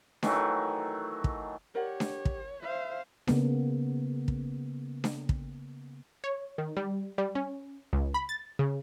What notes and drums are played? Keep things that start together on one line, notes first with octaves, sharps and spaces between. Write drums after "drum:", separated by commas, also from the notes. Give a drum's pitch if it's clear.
D#3 E3 F#3 A3, drum: snare D4
drum: kick
G4 A#4 C#5 D5 F#5
drum: snare D4
drum: kick
C5 E5 F5
C#3 A#3 B3, drum: snare D4
drum: kick
drum: snare D4
drum: kick
C#5
D#3
G3
G3
C#4
C#2
B5
A6
C#3